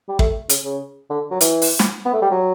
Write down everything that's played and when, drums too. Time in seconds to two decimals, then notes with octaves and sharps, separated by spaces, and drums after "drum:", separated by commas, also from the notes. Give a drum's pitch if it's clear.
0.08 G3
0.19 A3, drum: kick
0.49 C#3, drum: hi-hat
0.64 C#3
1.10 D3
1.31 F#3
1.41 E3, drum: hi-hat
1.62 drum: open hi-hat
1.79 drum: snare
2.05 B3
2.13 A3
2.22 G3
2.31 F#3